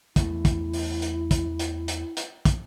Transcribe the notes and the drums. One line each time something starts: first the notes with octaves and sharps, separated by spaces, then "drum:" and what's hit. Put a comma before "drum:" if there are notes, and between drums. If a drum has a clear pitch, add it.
E2 E3 A3 E4, drum: kick, hi-hat
drum: kick, hi-hat
drum: open hi-hat
drum: hi-hat
drum: kick, hi-hat
drum: hi-hat
drum: hi-hat
drum: hi-hat
drum: kick, hi-hat